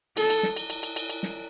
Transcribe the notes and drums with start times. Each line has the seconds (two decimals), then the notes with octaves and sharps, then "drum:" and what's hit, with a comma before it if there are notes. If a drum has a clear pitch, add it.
0.17 A4, drum: cymbal
0.30 drum: cymbal
0.43 drum: snare
0.56 drum: cymbal
0.70 drum: cymbal
0.83 drum: cymbal
0.96 drum: cymbal
1.10 drum: cymbal
1.23 drum: snare